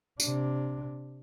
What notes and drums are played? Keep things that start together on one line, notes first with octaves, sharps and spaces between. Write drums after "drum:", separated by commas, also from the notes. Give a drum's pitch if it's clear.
C3 D4, drum: tambourine